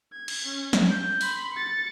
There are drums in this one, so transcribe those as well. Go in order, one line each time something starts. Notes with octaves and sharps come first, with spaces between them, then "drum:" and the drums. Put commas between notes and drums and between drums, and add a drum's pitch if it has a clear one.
G#6
drum: cymbal
C#4
drum: snare
G6
B5 C6, drum: open hi-hat
A6 C#7